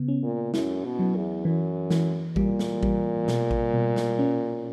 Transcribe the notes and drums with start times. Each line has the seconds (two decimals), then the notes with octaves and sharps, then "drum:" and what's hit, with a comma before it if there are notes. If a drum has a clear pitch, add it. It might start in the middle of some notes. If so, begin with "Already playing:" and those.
Already playing: C#3 B3
0.08 C#4
0.23 A#2
0.54 F#2 E4, drum: snare
0.84 B2
0.99 F#3
1.15 E2
1.45 F#2 E3
1.90 E3, drum: snare
2.36 A#2 G3, drum: kick A1
2.59 drum: snare
2.83 G3, drum: kick A1
3.28 B2, drum: snare
3.51 drum: kick A1
3.74 B2
3.96 drum: snare
4.19 C#4